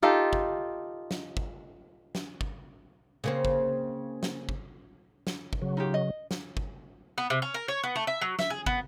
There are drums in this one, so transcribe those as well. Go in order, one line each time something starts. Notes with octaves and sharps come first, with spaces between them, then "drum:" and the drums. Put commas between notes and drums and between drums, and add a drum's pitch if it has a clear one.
D#4 F4 G4 A4
drum: kick
drum: snare
drum: kick
drum: snare
drum: kick
C#3 A#3 C4
drum: kick
drum: snare
drum: kick
drum: snare
drum: kick
C#3 F#3
D#4 F4 G4
D#5
drum: snare
drum: kick
B3
C3
C#4
A#4
C#5
B3
A3
E5
F#3
E5, drum: snare
G#4
B3, drum: kick